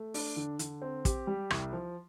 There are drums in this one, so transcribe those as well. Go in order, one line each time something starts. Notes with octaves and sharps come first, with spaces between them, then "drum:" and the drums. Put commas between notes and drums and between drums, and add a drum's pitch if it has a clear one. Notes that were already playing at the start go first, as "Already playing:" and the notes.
Already playing: A3
D4, drum: open hi-hat
D3
D3, drum: hi-hat
C4
G4, drum: kick, hi-hat
G3
C2, drum: rim click
F3